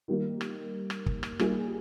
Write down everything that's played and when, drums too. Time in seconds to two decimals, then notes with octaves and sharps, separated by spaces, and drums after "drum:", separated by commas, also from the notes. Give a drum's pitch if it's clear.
0.08 D#3 G3 A#3
0.41 drum: rim click
0.90 drum: rim click
1.06 drum: kick
1.23 drum: rim click
1.39 G3 A#3 D#4 G#4, drum: rim click